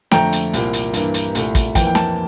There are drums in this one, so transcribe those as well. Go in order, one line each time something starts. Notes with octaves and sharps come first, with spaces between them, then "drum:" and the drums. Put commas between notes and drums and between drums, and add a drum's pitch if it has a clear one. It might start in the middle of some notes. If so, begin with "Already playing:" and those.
F2 D3 A3 G5 A#5, drum: snare
drum: hi-hat
C2 A#2 F3 A#3, drum: hi-hat
drum: hi-hat
G2 E3 A#3, drum: hi-hat
drum: hi-hat
C2 A#2 A3, drum: hi-hat
drum: kick, hi-hat
F2 E3 A#3 G5, drum: kick, hi-hat
G5
A5, drum: snare